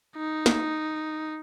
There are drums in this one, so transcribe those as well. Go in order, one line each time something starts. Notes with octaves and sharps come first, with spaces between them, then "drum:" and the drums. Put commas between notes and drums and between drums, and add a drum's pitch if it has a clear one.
D#4
drum: snare